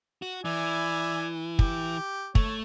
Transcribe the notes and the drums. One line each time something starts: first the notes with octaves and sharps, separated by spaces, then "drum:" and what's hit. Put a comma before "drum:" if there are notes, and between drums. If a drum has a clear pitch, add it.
F#4
E3 D5 E5 G#5
G4, drum: kick
A3 C#5, drum: kick